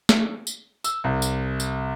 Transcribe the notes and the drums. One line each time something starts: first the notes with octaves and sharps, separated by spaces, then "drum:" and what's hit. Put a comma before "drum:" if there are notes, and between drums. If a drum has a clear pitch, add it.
drum: snare
drum: tambourine
E6, drum: tambourine
C2
drum: tambourine
drum: tambourine